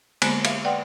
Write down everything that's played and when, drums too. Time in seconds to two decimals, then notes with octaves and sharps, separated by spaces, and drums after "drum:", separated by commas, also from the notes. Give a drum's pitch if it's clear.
0.22 D3 G#3 A#3 B3 C5, drum: cymbal
0.45 E5 F5, drum: cymbal
0.65 B4 D5 F#5 G5 C6